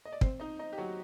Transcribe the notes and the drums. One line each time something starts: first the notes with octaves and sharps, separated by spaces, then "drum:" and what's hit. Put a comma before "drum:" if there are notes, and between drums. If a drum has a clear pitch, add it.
D#5
D5
C4 C5, drum: kick
D#4 D#5
D#4 D#5
G4
F#3 F#4